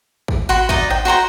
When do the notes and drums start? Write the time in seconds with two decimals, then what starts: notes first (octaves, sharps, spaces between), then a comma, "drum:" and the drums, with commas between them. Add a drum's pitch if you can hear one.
0.28 drum: kick
0.49 F#4 B5 C6
0.69 D#4 D5 D#5, drum: kick
0.90 G5, drum: rim click
1.05 F#4 C5 A#5 C6